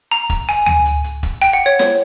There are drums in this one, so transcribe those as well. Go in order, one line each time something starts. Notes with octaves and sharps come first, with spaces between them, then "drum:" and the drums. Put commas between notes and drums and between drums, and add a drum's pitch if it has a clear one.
A#5
drum: kick E1, hi-hat
G#5, drum: open hi-hat
G#5, drum: tom D2
drum: hi-hat
drum: hi-hat
drum: kick E1, hi-hat
G5, drum: hi-hat
F#5
C#5
C#5, drum: snare